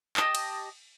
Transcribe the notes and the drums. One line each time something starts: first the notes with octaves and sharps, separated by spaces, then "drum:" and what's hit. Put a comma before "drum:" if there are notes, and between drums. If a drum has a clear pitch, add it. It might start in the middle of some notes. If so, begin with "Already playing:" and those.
G4 D#5 A5 D#6, drum: clap
drum: cymbal